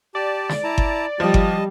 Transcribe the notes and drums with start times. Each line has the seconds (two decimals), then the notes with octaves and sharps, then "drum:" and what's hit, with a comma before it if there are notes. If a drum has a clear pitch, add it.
0.15 G4 D5 A5
0.49 drum: snare
0.63 E4 A5 A#5
0.78 drum: kick G1
1.20 F3 G3 D#5 A5
1.34 drum: kick G1